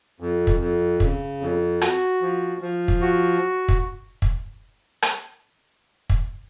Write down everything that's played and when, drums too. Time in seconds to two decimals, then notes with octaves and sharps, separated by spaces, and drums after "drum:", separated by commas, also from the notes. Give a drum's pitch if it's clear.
0.20 F2
0.47 drum: kick
0.60 F2
1.00 C#3, drum: kick
1.41 F2
1.81 F#4, drum: rim click
2.21 F3
2.61 F3
2.88 drum: kick
3.01 F#4
3.68 drum: kick
4.22 drum: kick
5.02 drum: rim click
6.10 drum: kick